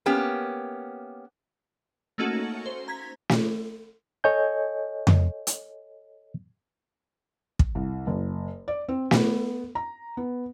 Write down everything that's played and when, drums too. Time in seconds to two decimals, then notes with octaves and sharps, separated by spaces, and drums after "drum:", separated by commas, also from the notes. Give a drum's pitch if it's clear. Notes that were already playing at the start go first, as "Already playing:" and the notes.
0.06 A#3 B3 C#4 G4
2.18 A3 A#3 C#4 D#4 F#4 A4
2.66 C5
2.88 A#5 G#6 B6
3.29 drum: snare
4.24 A4 C#5 D#5 G#5 G6
5.07 drum: tom F2
5.47 drum: hi-hat
7.59 drum: kick
7.75 C2
8.07 F#1
8.68 D5
8.88 C4
9.11 B3, drum: snare
9.75 A#5
10.17 B3